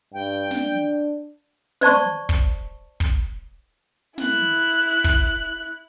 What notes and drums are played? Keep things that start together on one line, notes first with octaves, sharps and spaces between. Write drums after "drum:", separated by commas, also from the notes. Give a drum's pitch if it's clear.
G2 G5
D4, drum: snare
C5 D5 A5 C#6, drum: snare
drum: kick
drum: kick
E4 F#6, drum: snare
drum: kick